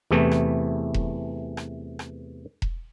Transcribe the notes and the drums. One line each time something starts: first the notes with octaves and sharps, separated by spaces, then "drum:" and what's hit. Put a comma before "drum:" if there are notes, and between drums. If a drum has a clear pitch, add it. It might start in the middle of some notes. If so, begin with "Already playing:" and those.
E2 C3 E3 A3
drum: rim click
drum: kick E1
drum: rim click
drum: rim click
drum: kick E1